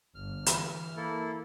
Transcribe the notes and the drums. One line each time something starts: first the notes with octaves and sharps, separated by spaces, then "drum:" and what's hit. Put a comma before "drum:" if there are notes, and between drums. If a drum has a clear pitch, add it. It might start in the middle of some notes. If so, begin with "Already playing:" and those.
G1 F6
E3, drum: hi-hat
A#3 E4 A4